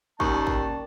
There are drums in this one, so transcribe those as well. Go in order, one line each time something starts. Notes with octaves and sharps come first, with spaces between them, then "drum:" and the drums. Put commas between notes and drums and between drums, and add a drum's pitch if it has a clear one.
D#2 C#4 A#4 D5 G5 A5 C#6, drum: kick
drum: kick